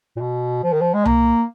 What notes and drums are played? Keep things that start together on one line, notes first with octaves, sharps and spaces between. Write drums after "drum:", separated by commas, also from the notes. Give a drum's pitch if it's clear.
A#2
B2
F3
D#3
F3
G#3
A#3, drum: tom C2